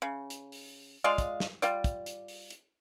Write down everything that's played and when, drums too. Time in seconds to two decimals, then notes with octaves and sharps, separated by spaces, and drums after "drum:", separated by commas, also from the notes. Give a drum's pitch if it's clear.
0.02 C#3
0.30 drum: hi-hat
0.52 drum: open hi-hat
1.04 G#3 F4 D5 F5
1.18 drum: kick, hi-hat
1.40 drum: snare
1.62 G3 F4 D5, drum: hi-hat
1.84 drum: kick, hi-hat
2.06 drum: hi-hat
2.28 drum: open hi-hat
2.50 drum: hi-hat